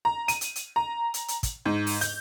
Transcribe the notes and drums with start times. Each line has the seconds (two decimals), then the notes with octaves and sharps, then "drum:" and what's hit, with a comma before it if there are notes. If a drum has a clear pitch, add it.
0.05 A#5
0.28 D#7, drum: hi-hat
0.41 drum: hi-hat
0.56 drum: hi-hat
0.76 A#5
1.14 drum: hi-hat
1.28 drum: hi-hat
1.43 drum: kick, hi-hat
1.65 G#2
1.87 drum: open hi-hat
2.01 G6, drum: hi-hat